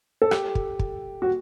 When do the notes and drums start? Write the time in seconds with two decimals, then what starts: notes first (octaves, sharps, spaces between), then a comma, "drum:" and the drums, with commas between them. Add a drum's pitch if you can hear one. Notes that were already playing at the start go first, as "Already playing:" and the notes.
0.22 A4
0.31 G4, drum: rim click
0.55 drum: kick
0.79 drum: kick
1.22 F#4